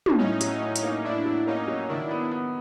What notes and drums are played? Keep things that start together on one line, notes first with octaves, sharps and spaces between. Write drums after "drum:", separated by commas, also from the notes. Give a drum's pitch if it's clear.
drum: tom
A2 C#4 D#4
F#3, drum: hi-hat
C#4 D#4
A2
C#4 D#4, drum: hi-hat
A#3
A2 D4 E4
F#3
A#3 C#4 D#4
F#3
D#3 D4 E4
B3
B3